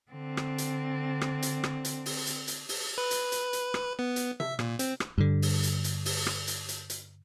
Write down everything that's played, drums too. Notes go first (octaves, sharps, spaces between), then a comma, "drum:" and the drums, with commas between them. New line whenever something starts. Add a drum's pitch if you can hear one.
D3 C4
drum: rim click
drum: hi-hat
drum: rim click
drum: hi-hat
drum: rim click
drum: hi-hat
drum: open hi-hat
drum: hi-hat
drum: hi-hat
drum: open hi-hat
B4
drum: hi-hat
drum: hi-hat
drum: hi-hat
drum: rim click
B3
drum: hi-hat
E5, drum: tom C3
A#2, drum: rim click
C4, drum: hi-hat
drum: rim click
G2 D3
drum: open hi-hat
drum: hi-hat
drum: hi-hat
drum: open hi-hat
drum: rim click
drum: hi-hat
drum: hi-hat
drum: hi-hat